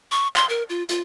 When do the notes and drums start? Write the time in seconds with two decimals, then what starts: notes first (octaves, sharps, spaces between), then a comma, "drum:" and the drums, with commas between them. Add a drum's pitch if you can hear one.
0.11 C#6
0.36 C6, drum: clap
0.49 A#4
0.70 F4
0.89 F4, drum: hi-hat